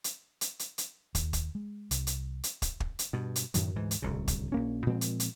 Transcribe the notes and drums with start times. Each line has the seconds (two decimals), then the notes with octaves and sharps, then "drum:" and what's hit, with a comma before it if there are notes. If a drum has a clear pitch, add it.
0.04 drum: hi-hat
0.41 drum: hi-hat
0.59 drum: hi-hat
0.78 drum: hi-hat
1.15 D#2, drum: kick, hi-hat
1.33 drum: kick, hi-hat
1.55 G#3
1.91 C2, drum: hi-hat
2.07 drum: hi-hat
2.44 drum: hi-hat
2.62 drum: kick, hi-hat
2.80 drum: kick
2.99 drum: hi-hat
3.13 G2 B2
3.36 drum: hi-hat
3.54 F#2 A2 D#3 F#3, drum: hi-hat
3.76 D2 G#2 E3
3.91 drum: hi-hat
4.02 D1 C2 C#3
4.28 drum: kick, hi-hat
4.52 A#1 A#3 C#4
4.86 A#2 F3 G#3 C4
5.01 drum: hi-hat
5.20 drum: hi-hat